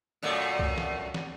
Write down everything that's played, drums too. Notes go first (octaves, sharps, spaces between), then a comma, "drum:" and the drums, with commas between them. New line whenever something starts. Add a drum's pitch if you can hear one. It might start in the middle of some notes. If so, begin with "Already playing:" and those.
F#2 A#2 A3
drum: kick C2
drum: snare
drum: snare